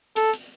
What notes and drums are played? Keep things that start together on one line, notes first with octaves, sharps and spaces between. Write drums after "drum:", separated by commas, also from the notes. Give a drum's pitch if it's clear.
A4, drum: hi-hat
drum: hi-hat